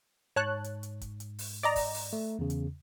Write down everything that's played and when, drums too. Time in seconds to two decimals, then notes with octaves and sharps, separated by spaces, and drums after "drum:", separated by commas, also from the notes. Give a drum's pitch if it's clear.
0.36 G#2 C#5 A5 F#6
0.64 drum: hi-hat
0.83 drum: hi-hat
1.01 drum: kick, hi-hat
1.20 drum: hi-hat
1.39 drum: open hi-hat
1.63 D5 D#5 A#5
1.76 drum: kick, open hi-hat
1.94 drum: open hi-hat
2.13 A3
2.39 E2 C#3
2.50 drum: hi-hat